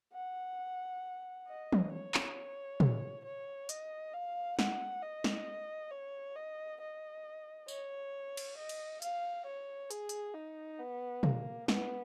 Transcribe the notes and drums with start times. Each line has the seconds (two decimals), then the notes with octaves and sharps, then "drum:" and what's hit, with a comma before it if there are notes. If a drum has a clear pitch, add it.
0.14 F#5
1.47 D#5
1.73 drum: tom
1.92 C#5
2.14 drum: clap
2.80 drum: tom
3.24 C#5
3.69 D#5, drum: hi-hat
4.13 F5
4.59 F#5, drum: snare
5.02 D#5
5.24 drum: snare
5.91 C#5
6.35 D#5
6.80 D#5
7.68 C#5, drum: tambourine
8.37 drum: cymbal
8.58 D#5
8.69 drum: cymbal
9.02 F5, drum: hi-hat
9.46 C#5
9.91 G#4, drum: hi-hat
10.09 drum: hi-hat
10.35 D#4
10.79 B3
11.23 A#3, drum: tom
11.68 B3, drum: snare